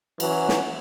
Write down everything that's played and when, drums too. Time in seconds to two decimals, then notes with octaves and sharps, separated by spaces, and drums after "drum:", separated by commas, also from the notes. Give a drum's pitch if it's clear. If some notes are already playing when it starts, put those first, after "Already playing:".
0.20 E3 F#3 C#4, drum: cymbal
0.49 drum: snare